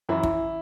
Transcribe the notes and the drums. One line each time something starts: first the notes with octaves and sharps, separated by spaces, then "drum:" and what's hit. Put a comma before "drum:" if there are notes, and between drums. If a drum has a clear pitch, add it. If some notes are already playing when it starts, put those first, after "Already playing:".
F#2 E3 E4
E3, drum: kick